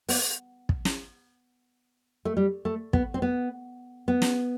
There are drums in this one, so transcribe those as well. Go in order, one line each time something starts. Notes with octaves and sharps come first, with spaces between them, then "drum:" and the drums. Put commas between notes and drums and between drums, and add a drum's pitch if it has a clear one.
B3, drum: open hi-hat
drum: kick
drum: snare
A3
G3
A3
B3, drum: kick
C4
B3
B3
drum: snare